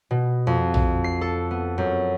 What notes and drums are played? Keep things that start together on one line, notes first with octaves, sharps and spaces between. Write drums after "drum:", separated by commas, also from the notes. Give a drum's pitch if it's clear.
B2
F2
drum: tom A#1
C7
A4
B3
F#2